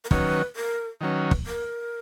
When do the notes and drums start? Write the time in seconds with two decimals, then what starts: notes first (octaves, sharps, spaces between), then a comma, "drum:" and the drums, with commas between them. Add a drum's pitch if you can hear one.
0.05 A#4
0.11 D#3 F#3 C#4 B4, drum: kick
0.56 A#4
1.01 D#3 F#3 C#4 B4
1.31 drum: kick
1.46 A#4